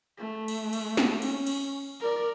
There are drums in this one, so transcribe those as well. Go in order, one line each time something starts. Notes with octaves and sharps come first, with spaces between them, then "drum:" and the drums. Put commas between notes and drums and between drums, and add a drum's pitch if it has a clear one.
A3
drum: cymbal
drum: cymbal
drum: snare
C#4, drum: cymbal
drum: cymbal
A#4 D5